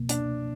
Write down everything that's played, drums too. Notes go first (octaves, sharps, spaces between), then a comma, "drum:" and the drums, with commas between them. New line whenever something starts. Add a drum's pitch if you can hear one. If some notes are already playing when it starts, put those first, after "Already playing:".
Already playing: C#2 B2 A#3
D4, drum: hi-hat